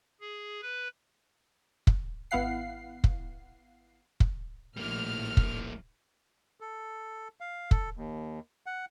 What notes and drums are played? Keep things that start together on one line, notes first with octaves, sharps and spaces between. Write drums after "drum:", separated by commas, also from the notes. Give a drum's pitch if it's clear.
G#4
B4
drum: kick
G#1 B3 E4 F5 F#5 C7
drum: kick
drum: kick
A#1 A2 G3 A#3 F6
drum: kick
A4
F5
A4, drum: kick
D#2
F#5